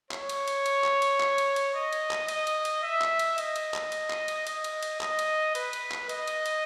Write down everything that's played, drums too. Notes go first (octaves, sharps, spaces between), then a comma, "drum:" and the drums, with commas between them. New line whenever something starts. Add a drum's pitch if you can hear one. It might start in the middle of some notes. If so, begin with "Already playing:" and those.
C#5, drum: clap
drum: cymbal
drum: cymbal
drum: cymbal
drum: clap
drum: cymbal
drum: clap
drum: cymbal
drum: cymbal
D#5
drum: cymbal
drum: clap
D#5, drum: cymbal
drum: cymbal
drum: cymbal
E5
drum: clap
drum: cymbal
D#5, drum: cymbal
drum: cymbal
drum: clap
drum: cymbal
drum: clap
drum: cymbal
D#5, drum: cymbal
drum: cymbal
drum: cymbal
D#5, drum: clap
drum: cymbal
B4, drum: cymbal
drum: cymbal
drum: clap
D#5, drum: cymbal
drum: cymbal
drum: cymbal